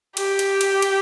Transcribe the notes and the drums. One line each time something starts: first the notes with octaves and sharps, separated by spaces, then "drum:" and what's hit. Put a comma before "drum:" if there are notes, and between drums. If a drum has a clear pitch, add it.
G4, drum: cymbal
drum: cymbal
drum: cymbal
drum: cymbal